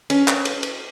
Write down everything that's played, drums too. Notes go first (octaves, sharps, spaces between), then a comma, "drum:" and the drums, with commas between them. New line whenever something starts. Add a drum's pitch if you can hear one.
C#4, drum: cymbal
drum: clap
drum: cymbal
drum: cymbal